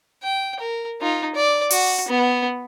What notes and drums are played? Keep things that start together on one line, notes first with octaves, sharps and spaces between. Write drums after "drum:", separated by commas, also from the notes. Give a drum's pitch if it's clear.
G5
A#4
D#4 F4
D5
F#4, drum: open hi-hat
B3